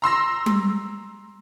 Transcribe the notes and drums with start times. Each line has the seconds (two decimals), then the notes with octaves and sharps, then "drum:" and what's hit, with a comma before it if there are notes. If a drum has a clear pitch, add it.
0.02 A#5 C6 E6 A#6
0.46 drum: tom G3